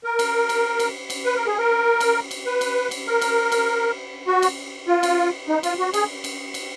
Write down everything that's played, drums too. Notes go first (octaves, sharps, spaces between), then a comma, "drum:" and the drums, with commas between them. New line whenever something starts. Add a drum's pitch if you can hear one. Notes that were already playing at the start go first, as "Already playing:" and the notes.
A#4
drum: cymbal
drum: cymbal
drum: cymbal
drum: cymbal
B4
A#4
G#4
A#4
drum: cymbal
drum: cymbal
B4
drum: cymbal
drum: cymbal
A#4
drum: cymbal
drum: cymbal
F#4
drum: cymbal
F4
drum: cymbal
D#4
F4, drum: cymbal
F#4
G#4, drum: cymbal
drum: cymbal
drum: cymbal